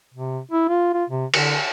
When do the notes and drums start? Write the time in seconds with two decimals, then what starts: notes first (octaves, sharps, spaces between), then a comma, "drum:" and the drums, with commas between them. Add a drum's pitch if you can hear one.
0.14 C3
0.51 E4
0.68 F4
0.94 F4
1.10 C3
1.34 D3, drum: cymbal